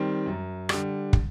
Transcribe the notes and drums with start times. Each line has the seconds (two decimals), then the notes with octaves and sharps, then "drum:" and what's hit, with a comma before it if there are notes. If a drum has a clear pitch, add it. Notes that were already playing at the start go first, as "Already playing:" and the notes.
Already playing: D#3 G3 C4
0.26 F#2
0.69 D3 G3, drum: rim click
1.13 drum: kick